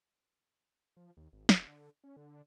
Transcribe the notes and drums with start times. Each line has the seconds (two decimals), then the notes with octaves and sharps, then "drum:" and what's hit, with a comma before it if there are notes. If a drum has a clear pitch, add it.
0.97 F3
1.17 D#2
1.33 G#1
1.49 F1, drum: snare
1.67 D3
2.04 C#4
2.17 D3